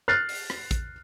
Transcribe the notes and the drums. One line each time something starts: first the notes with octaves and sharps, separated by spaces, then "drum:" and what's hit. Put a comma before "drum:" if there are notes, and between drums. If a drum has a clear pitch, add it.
F6 F#6 A6 C7
drum: open hi-hat
drum: rim click
drum: kick, hi-hat